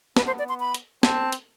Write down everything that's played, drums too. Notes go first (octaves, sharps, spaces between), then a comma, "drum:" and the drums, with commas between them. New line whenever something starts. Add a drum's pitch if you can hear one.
B3 B4, drum: snare
C5
D5
C6
B5
drum: hi-hat
C4 A5, drum: snare
drum: hi-hat